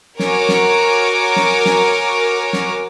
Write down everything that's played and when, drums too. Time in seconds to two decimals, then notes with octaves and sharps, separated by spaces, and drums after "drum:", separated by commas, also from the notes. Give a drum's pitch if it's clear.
0.19 F#4 A#4 C#5 G#5 D6, drum: snare
0.49 drum: snare
1.36 drum: snare
1.66 drum: snare
2.53 drum: snare